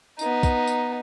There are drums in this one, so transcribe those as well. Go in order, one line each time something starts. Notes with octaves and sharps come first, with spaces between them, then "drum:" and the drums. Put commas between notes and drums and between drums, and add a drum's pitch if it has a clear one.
B3 D#4, drum: tambourine
drum: kick, tambourine
drum: tambourine